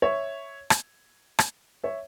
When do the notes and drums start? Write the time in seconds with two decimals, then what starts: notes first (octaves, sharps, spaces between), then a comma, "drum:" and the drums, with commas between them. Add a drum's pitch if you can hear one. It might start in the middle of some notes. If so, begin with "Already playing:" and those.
0.02 C#5 E5
0.70 drum: rim click
1.39 drum: rim click
1.84 C#5 E5